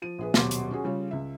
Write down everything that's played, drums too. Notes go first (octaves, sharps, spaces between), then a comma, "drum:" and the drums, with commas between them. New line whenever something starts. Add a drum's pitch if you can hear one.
F3 D#7
A#1 G#4 B4
D#1 B2 F#3 C6 D6, drum: snare
drum: hi-hat
C#4 F#4 G#4
C#3 G3 F4 C#5
C#2 E5